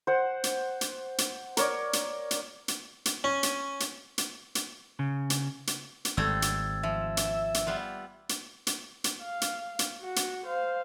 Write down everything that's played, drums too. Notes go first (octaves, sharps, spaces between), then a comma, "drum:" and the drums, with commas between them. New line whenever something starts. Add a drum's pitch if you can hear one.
C5 F#5
drum: hi-hat
drum: hi-hat
drum: hi-hat
A#4 C#5 D5, drum: hi-hat
drum: hi-hat
drum: hi-hat
drum: hi-hat
drum: hi-hat
C#4
drum: hi-hat
drum: hi-hat
drum: hi-hat
drum: hi-hat
C#3
drum: hi-hat
drum: hi-hat
drum: hi-hat
G#1 G3 A3 C4 E6 G#6 A6
drum: hi-hat
F3 E5
drum: hi-hat
drum: hi-hat
G3 B3 F4
drum: hi-hat
drum: hi-hat
drum: hi-hat
F5
drum: hi-hat
drum: hi-hat
F#4 F#5
drum: hi-hat
C5 F5